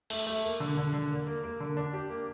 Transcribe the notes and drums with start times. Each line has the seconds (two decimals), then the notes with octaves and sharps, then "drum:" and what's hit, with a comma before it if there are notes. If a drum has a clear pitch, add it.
0.10 A3, drum: cymbal
0.27 A3
0.44 A#3
0.60 D3
0.77 D3
0.93 D3
1.10 A#3
1.27 A#3
1.43 A#3
1.60 D3
1.77 D4
1.93 G4
2.10 A#3